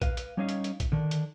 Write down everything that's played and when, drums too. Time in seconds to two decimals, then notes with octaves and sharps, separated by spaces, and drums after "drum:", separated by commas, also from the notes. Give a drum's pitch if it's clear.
0.02 B4 F5, drum: kick A#1, hi-hat
0.17 drum: hi-hat
0.37 G3 C#4 D#4 C#5 D#5 F5
0.49 drum: hi-hat
0.64 drum: hi-hat
0.80 drum: kick A#1, hi-hat
0.92 D3 D#3 D4
1.11 drum: hi-hat